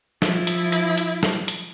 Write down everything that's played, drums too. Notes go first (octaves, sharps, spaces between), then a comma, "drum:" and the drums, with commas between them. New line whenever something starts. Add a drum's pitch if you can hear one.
F3 E4, drum: snare
drum: hi-hat
drum: hi-hat
drum: hi-hat
drum: snare
drum: hi-hat